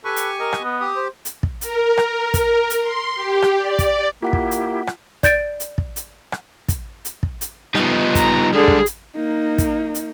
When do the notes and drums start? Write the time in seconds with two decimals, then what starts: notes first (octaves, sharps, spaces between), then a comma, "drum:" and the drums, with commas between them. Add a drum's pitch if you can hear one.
0.05 G4 A4 B4 G#5 C#6
0.16 drum: hi-hat
0.40 A#4 D#5
0.53 drum: rim click
0.62 B3
0.80 G4 D#6
0.96 C5
1.25 drum: hi-hat
1.43 drum: kick
1.61 A#4, drum: hi-hat
1.97 drum: rim click
2.34 drum: kick, hi-hat
2.70 drum: hi-hat
2.80 C6
3.15 G4
3.42 drum: rim click
3.57 D5
3.79 drum: kick, hi-hat
4.22 A#3 E4 F4 G4 F#5 B6
4.33 drum: kick
4.51 drum: hi-hat
4.87 drum: rim click
5.23 D5 G6 A6 D7, drum: kick, hi-hat
5.60 drum: hi-hat
5.78 drum: kick
5.96 drum: hi-hat
6.32 drum: rim click
6.68 drum: kick, hi-hat
7.05 drum: hi-hat
7.23 drum: kick
7.41 drum: hi-hat
7.75 F3 G3 B3 D#4, drum: rim click
8.15 A#5, drum: kick, hi-hat
8.53 D3 G3 G#3 G#4
8.68 drum: kick
8.86 drum: hi-hat
9.16 A#3 D#4
9.58 drum: kick, hi-hat
9.95 drum: hi-hat